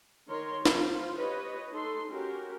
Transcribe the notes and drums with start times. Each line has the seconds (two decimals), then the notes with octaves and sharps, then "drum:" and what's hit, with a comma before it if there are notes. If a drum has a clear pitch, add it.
0.28 D#3 A#4 C#5 C6
0.65 F4 C5, drum: snare
1.17 G4 B4 C#5 D#5
1.70 D#4 A4 C6
2.10 C#4 F#4 G4 A#4